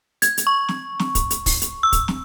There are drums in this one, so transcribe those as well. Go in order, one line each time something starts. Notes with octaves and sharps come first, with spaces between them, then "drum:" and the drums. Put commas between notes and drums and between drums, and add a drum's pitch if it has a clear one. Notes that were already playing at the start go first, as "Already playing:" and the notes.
G#6, drum: hi-hat
drum: hi-hat
C#6
drum: snare
drum: snare
drum: kick, hi-hat
drum: hi-hat
drum: kick, open hi-hat
drum: hi-hat
E6
drum: kick, hi-hat
drum: snare